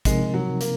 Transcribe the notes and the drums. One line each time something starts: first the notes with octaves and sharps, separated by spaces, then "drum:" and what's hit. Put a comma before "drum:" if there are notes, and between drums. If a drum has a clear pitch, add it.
C3 F3 G#3 C4 D#4 A#4, drum: kick, hi-hat
F#3
A#3, drum: hi-hat